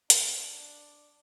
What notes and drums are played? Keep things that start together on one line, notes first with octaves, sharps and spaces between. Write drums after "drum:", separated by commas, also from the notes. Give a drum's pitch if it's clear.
D4, drum: hi-hat